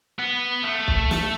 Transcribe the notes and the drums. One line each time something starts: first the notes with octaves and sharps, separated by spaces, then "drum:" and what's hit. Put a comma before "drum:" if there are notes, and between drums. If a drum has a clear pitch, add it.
B3
A3
drum: kick
drum: snare